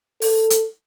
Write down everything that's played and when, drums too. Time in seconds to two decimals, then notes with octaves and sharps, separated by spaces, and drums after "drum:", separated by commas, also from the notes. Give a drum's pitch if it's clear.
0.22 A4, drum: open hi-hat
0.50 drum: hi-hat